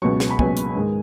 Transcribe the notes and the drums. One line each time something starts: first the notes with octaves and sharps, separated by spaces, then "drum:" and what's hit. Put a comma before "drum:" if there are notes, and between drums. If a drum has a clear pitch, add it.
C#2 B2 F#3 C#6
drum: snare
B5
C#2 B2 F#3 G#5, drum: kick
drum: hi-hat
G#2 D#3 G#3